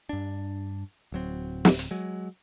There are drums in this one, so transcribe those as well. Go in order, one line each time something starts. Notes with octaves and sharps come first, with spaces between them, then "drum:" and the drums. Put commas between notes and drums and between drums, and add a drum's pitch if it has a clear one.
G2 D4
D1 F#3 C4
drum: snare
drum: hi-hat
F#3 G#3